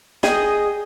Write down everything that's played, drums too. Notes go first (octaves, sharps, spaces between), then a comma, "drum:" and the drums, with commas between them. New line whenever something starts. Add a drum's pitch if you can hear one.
G#4 D#5 G5, drum: snare